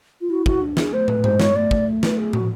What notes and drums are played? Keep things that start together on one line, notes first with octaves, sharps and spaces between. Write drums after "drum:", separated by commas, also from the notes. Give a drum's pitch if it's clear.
F4
E4 F#4
F#4, drum: kick
D4
G#4, drum: snare
A3 C5
B4, drum: tom
G#3 C5, drum: tom G2
C#5, drum: snare
A3 D5
drum: kick
B4, drum: snare
G#4
F#4, drum: tom
F3